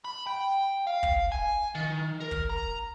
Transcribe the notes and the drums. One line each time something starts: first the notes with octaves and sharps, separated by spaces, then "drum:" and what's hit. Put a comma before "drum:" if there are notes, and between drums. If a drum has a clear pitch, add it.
B5
G5
F5
drum: kick
G#5
D#3
A#4
drum: kick
A#5